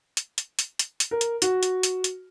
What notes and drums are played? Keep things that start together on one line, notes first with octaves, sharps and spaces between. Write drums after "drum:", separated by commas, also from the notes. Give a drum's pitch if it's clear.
drum: hi-hat
drum: hi-hat
drum: hi-hat
drum: hi-hat
drum: hi-hat
A#4
drum: hi-hat
F#4, drum: hi-hat
drum: hi-hat
drum: hi-hat
drum: hi-hat